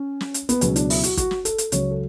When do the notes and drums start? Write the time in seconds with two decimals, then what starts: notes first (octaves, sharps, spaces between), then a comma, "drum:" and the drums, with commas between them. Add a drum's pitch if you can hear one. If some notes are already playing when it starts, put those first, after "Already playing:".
Already playing: C#4
0.21 drum: snare
0.34 drum: hi-hat
0.49 B3, drum: hi-hat
0.61 C#2 B2 F#3 C#4, drum: hi-hat
0.76 D4, drum: hi-hat
0.90 E4, drum: open hi-hat
1.03 F#4, drum: hi-hat
1.17 F#4, drum: kick, hi-hat
1.31 drum: snare
1.45 A4, drum: hi-hat
1.58 drum: hi-hat
1.72 C#2 C#3 F#3 C#5, drum: hi-hat
1.91 A4